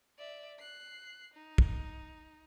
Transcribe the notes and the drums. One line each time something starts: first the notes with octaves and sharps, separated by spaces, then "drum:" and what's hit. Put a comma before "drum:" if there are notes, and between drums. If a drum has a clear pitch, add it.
D5 E5
F#6 C7
D#4
drum: kick